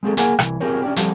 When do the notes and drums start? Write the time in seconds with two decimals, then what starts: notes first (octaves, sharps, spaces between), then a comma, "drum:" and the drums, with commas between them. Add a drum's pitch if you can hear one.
0.03 G#3 C4 G#4 A4
0.17 A#3 G#4 A#4 F#5 G#5, drum: hi-hat
0.39 C2 D#3 E3, drum: rim click
0.60 C4 F4 G4 G#4 A#4 C#5
0.82 C#4 D4 G4
0.96 F3 G3 C4 F#4 G4 A4, drum: hi-hat